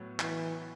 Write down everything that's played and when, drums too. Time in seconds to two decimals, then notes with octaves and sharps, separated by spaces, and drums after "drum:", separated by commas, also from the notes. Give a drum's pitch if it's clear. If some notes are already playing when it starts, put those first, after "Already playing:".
Already playing: A2 F#3 B3
0.20 E3, drum: clap